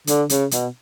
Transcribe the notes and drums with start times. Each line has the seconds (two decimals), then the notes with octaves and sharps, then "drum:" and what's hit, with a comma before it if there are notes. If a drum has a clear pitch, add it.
0.07 D3, drum: hi-hat
0.30 C#3, drum: hi-hat
0.51 B2, drum: hi-hat